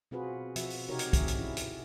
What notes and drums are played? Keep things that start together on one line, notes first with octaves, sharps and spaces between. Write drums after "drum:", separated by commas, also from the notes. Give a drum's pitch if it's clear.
B2 C4 F4 F#4 G#4 B4
B2 F3 F#4 E5, drum: hi-hat
drum: open hi-hat
C3 D#4 F#4 G4 A#4 C#5
drum: hi-hat
G#4 E5, drum: kick, hi-hat
drum: hi-hat
C#4 E4
drum: hi-hat